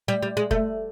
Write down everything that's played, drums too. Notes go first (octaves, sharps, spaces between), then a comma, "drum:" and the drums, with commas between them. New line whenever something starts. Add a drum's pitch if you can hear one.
G3
G3
G#3
A3, drum: kick F#1